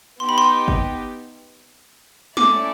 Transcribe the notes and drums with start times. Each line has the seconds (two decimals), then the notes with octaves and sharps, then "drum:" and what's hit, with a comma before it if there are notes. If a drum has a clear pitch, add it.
0.20 B3 D#4 G4 C6
0.29 B5
0.38 C6
0.68 drum: kick
2.37 A3 C#4 E4 A4 D5 D6, drum: snare